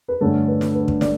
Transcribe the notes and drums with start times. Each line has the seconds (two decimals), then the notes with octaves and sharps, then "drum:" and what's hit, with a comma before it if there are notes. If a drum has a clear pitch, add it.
0.08 B4
0.20 G2 D3 A3 C#4 A4
0.48 B4
0.61 drum: snare
0.75 B4
0.88 drum: kick
1.01 D5, drum: snare